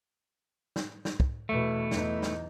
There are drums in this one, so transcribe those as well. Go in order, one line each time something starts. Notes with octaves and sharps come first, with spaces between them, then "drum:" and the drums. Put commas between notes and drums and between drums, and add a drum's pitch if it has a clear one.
drum: snare
drum: snare
drum: kick
E2 B2 A3
E2 D#4, drum: snare
drum: snare